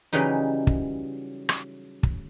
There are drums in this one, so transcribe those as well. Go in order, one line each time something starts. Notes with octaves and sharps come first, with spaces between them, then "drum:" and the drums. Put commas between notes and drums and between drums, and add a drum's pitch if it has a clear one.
C#3 E3 F#3 G3 D#4
drum: kick
drum: rim click
drum: kick